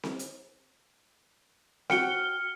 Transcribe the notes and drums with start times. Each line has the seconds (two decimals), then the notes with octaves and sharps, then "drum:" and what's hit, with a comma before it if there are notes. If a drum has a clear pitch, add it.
0.03 drum: snare C4
0.19 drum: hi-hat
1.90 F#4 G5 F6 C#7 G7, drum: snare C4